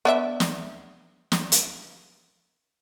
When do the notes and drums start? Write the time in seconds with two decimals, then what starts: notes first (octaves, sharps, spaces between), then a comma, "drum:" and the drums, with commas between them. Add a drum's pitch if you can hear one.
0.05 B3 D4 E5
0.40 drum: snare
1.32 drum: snare
1.52 drum: hi-hat